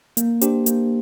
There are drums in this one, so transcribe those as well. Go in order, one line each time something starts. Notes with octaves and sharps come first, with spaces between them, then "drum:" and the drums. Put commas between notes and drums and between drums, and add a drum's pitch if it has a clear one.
A#3, drum: hi-hat
D4 G4 C5, drum: hi-hat
A#3, drum: hi-hat